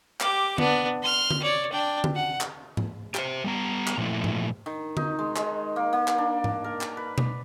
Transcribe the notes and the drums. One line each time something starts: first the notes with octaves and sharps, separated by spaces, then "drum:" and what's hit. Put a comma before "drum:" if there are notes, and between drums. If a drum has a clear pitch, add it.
G4 D6, drum: clap
B3 D4, drum: tom D3
C6 F6
drum: tom D3
C#5 D5
D4 G5
drum: tom D3
F#5
drum: clap
drum: tom G#2
G4 C5, drum: clap
G3 B3 A#5
drum: clap
A#2 F3 A3 E4
drum: tom G#2
D#3
D#4, drum: tom D3
G#3
G#3, drum: clap
A#3
A#3
drum: clap
D4
drum: tom G#2
A#4
drum: clap
B4
drum: tom B2